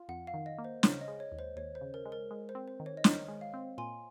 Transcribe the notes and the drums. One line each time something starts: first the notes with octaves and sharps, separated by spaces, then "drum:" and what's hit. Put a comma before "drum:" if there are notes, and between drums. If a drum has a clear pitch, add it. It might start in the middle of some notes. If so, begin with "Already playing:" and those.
Already playing: F4
F2 F#5
F5
D#3
D#5
A#3
C5
C#3 C#5, drum: snare
D#5
G#3
C#5
D#2
C5
D#2 C#5
C5
C#3
A#4
G#3
A#4
G#3
C5
C4
C5
D#3
C#5
D#5
D#3 C#5, drum: snare
G#3
F5
C4
A#2 G#5 C6